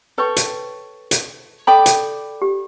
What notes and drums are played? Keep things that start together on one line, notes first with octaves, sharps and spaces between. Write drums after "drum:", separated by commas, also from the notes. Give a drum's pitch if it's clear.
A4 B4 C#5 G5 C#6
drum: hi-hat
drum: hi-hat
A4 D5 G5 B5 D6
drum: hi-hat
G4